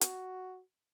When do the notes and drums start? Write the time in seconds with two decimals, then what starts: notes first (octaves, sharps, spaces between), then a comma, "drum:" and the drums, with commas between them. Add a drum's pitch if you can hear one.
0.01 F#4, drum: hi-hat